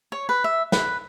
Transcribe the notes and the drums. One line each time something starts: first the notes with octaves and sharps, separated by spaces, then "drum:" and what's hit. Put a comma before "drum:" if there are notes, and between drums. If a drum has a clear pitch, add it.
C#5
B4
E5
B4, drum: snare